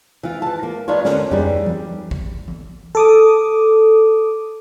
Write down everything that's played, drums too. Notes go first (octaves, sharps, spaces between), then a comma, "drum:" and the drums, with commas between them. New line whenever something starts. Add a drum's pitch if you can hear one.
E3 F4
E3 A5
A#3
D4 D#4 F4 B4 C#5
D3 A#3 C#4, drum: snare
E3 G3 C#4 D#4 G#4, drum: tom F2
drum: tom E3
drum: kick
drum: tom E3
A4 D6 D#6